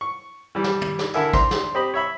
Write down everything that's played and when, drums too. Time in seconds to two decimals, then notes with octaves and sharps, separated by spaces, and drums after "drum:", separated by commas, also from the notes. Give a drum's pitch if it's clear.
0.01 C#6
0.55 E3 G3
0.64 drum: snare
0.81 drum: tom
0.99 drum: snare
1.14 D3 E4 A4 A#4 E5 G#5, drum: tambourine
1.34 D4 C5 A#5 C6, drum: kick, tambourine
1.51 drum: snare
1.75 C4 G4 D#5 B5
1.94 C#5 E5 B5